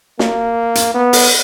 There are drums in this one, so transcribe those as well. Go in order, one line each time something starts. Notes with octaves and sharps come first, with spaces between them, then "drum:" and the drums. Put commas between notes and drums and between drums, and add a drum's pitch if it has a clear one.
A#3, drum: snare
drum: hi-hat
B3
drum: open hi-hat